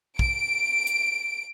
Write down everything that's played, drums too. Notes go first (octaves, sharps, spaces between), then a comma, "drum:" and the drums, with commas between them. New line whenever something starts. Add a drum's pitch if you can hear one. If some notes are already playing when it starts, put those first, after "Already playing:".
D7, drum: kick
drum: hi-hat